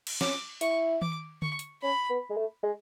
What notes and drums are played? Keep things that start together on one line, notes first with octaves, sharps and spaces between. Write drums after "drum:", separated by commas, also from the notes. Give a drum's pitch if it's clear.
drum: cymbal
C#4 D6, drum: snare
E4 C#6, drum: hi-hat
D6, drum: tom D#3
C#6, drum: tom D3
drum: hi-hat
C#4 B5
B3
G#3
A3
G#3